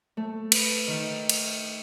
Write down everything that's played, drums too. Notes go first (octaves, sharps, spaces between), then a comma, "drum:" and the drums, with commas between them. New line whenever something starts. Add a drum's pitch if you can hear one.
A3
B4, drum: cymbal
D#3
drum: cymbal